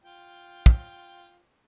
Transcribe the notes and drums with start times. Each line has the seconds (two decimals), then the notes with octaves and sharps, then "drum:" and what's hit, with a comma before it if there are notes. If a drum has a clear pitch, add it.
0.03 F4 G5
0.66 drum: kick